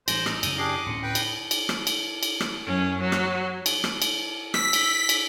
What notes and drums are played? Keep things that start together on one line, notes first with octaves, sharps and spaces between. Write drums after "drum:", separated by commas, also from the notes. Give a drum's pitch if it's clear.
A1 G#3 C5 A#6, drum: cymbal
D#4 D#6 E6, drum: rim click
F#2 C#3 D#7, drum: cymbal
D4 G4 G#4 D6 C7
D1 A2 C#4 C6 C#7 D#7
B4 G5
drum: cymbal
drum: cymbal
drum: rim click
drum: cymbal
drum: cymbal
drum: rim click
F#2 C#4
F#3
drum: rim click
drum: cymbal
drum: rim click
drum: cymbal
E6 B6, drum: rim click
drum: cymbal
drum: cymbal